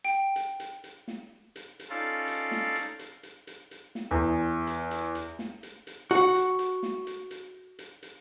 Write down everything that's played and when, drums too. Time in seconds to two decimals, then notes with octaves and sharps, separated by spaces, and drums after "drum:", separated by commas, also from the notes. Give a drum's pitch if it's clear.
0.05 G5
0.36 drum: hi-hat
0.60 drum: hi-hat
0.84 drum: hi-hat
1.08 drum: snare
1.56 drum: hi-hat
1.80 drum: hi-hat
1.90 C#4 D#4 F4 A4 D5 F5
2.27 drum: hi-hat
2.51 drum: snare
2.75 drum: hi-hat
2.99 drum: hi-hat
3.23 drum: hi-hat
3.47 drum: hi-hat
3.71 drum: hi-hat
3.95 drum: snare
4.11 E2
4.67 drum: hi-hat
4.91 drum: hi-hat
5.15 drum: hi-hat
5.39 drum: snare
5.63 drum: hi-hat
5.87 drum: hi-hat
6.11 F#4 F#5, drum: hi-hat
6.35 drum: hi-hat
6.59 drum: hi-hat
6.83 drum: snare
7.07 drum: hi-hat
7.31 drum: hi-hat
7.79 drum: hi-hat
8.03 drum: hi-hat